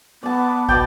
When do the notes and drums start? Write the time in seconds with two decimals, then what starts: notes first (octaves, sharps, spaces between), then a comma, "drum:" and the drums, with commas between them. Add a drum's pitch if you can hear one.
0.23 B3 D5 A5
0.69 B2 D5 G5, drum: kick